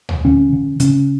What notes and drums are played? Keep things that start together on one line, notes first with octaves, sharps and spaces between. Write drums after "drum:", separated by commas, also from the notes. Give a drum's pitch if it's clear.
drum: tom
D3 C#4
D3
C#3 C#4, drum: hi-hat